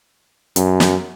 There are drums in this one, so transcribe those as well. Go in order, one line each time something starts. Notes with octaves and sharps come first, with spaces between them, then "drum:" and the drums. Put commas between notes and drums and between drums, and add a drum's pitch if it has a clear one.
F#2, drum: hi-hat
drum: snare